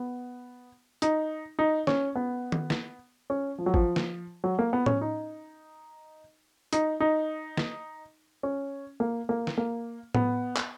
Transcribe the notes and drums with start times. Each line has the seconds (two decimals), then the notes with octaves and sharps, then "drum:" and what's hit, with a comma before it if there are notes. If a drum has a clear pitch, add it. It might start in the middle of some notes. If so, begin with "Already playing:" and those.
Already playing: B3
1.02 D#4, drum: hi-hat
1.59 D#4
1.87 C#4, drum: snare
2.16 B3
2.52 drum: tom D#3
2.70 drum: snare
3.30 C#4
3.58 F3
3.66 F#3
3.74 F3, drum: kick
3.96 drum: snare
4.44 F#3
4.59 A#3
4.73 B3
4.86 C#4, drum: tom A2
5.01 D#4
6.73 D#4, drum: hi-hat
7.00 D#4
7.57 drum: snare
8.43 C#4
9.00 A#3
9.29 A#3
9.47 drum: snare
9.58 A#3
10.15 B3, drum: tom A2
10.56 drum: clap